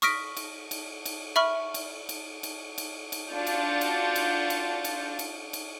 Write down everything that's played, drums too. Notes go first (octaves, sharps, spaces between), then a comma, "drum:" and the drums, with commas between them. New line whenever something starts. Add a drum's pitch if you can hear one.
C#6 D#6 F6 A#6 B6 D7, drum: cymbal
drum: cymbal
drum: cymbal
drum: cymbal
E5 B5 C#6 F6
drum: cymbal
drum: cymbal
drum: cymbal
drum: cymbal
drum: cymbal
D4 F4 F#4 G6 A6 C#7
drum: cymbal
drum: cymbal
drum: cymbal
drum: cymbal
drum: cymbal
drum: cymbal
drum: cymbal